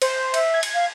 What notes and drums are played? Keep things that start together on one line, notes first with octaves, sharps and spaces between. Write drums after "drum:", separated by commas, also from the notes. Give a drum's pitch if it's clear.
C5, drum: cymbal
E5, drum: cymbal
G#6
drum: cymbal
F5